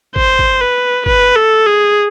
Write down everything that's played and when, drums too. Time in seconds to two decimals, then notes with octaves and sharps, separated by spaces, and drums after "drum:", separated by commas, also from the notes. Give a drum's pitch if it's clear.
0.16 C5, drum: kick
0.39 drum: kick
0.61 B4
1.06 B4, drum: kick
1.36 A4
1.66 G#4